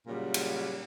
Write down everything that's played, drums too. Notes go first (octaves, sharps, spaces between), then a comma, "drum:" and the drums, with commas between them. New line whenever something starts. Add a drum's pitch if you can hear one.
A#2 C#3 F#3 G3
drum: cymbal